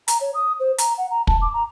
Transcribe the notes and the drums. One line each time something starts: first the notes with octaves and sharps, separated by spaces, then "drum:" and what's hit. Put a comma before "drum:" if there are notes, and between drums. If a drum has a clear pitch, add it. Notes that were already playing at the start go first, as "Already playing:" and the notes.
A#5, drum: hi-hat
C#5
D#6
C5
A#5, drum: hi-hat
F#5
A#5
A5, drum: kick
D6
A#5